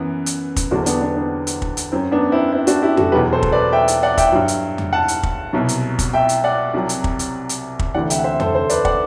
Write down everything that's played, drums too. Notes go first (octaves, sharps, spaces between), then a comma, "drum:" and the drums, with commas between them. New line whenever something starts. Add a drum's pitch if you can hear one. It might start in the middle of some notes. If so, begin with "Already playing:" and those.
Already playing: F#2 E3 B3
drum: hi-hat
drum: kick, hi-hat
E2 D3 F#3 D4 F#4
C4
B3 D4, drum: hi-hat
B3 D4
B3 D4
drum: hi-hat
drum: kick
drum: hi-hat
F#2 F#3 C4
B3 D4
C4 E4
C4 E4
D4 F#4, drum: hi-hat
E4 G4
F#4 A4, drum: tom F2
E2 B2 F#3 G4 B4
A4 C5
drum: kick
B4 D5
E5 G5
drum: hi-hat
D5 F#5
E5 G5, drum: kick, hi-hat
G2 F#3
drum: hi-hat
drum: tom F2
F#5 A5
drum: hi-hat
drum: kick
C2 B2 F#3
drum: hi-hat
drum: kick, hi-hat
E5 G5
drum: hi-hat
D5 F#5
C2 C3 F#3
drum: hi-hat
drum: kick
drum: hi-hat
drum: hi-hat
drum: kick
D2 C3 E3 D5 F#5
E5 G5, drum: hi-hat
F#5
C5 E5
A4 C5, drum: tom F2
A4 C5
B4 D5, drum: hi-hat
D5 F#5, drum: kick